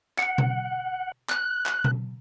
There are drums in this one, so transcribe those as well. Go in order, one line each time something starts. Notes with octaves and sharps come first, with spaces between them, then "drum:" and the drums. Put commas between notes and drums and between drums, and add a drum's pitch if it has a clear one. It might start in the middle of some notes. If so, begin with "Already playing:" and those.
F#5, drum: clap
drum: tom B2
F#6, drum: clap
drum: clap
drum: tom B2